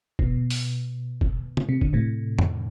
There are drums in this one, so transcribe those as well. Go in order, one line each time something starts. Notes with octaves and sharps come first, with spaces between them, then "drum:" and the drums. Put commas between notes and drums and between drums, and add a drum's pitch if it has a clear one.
B2, drum: kick
drum: open hi-hat
drum: kick
drum: tom
C3
D3, drum: kick
A2 C3
drum: tom F2